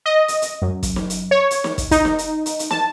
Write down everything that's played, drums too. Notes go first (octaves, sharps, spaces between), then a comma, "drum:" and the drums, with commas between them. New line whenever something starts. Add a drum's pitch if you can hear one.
D#5
drum: hi-hat
drum: hi-hat
F#2
drum: kick, hi-hat
drum: snare
drum: hi-hat
C#5
drum: hi-hat
drum: snare
drum: kick, hi-hat
D#4, drum: kick, hi-hat
drum: snare
drum: hi-hat
drum: hi-hat
drum: hi-hat
A5, drum: snare